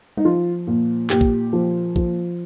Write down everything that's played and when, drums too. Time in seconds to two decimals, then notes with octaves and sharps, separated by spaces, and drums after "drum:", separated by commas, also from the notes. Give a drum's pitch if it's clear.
0.17 D#4, drum: tom G3
0.25 F3 F4
0.67 A#2
1.10 A#2 G4, drum: clap
1.21 drum: kick
1.53 F3
1.96 F3, drum: kick